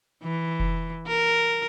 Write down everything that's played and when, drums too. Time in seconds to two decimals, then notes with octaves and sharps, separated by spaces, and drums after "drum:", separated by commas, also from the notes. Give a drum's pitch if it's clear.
0.24 E3
0.60 drum: kick F1
1.08 A#4